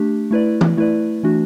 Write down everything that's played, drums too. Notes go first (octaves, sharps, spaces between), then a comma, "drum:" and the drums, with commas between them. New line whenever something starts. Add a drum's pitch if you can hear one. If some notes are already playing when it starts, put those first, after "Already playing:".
Already playing: A3 D4 G4
A3 E4 B4 D5
drum: tom
A3 E4 B4 D5
E3 A3 D4 F#4